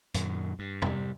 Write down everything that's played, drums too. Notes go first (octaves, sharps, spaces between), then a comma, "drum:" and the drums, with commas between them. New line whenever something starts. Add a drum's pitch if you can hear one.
F#2 A#2 D#3, drum: hi-hat
G2
C3 G3, drum: tom